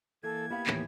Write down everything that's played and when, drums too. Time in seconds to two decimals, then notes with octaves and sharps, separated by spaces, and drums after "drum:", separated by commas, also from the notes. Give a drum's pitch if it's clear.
0.23 E3 A#3 A4 G#6
0.50 A#3 B3 E4 G4 F5 B5
0.67 D#2 A2 E3, drum: clap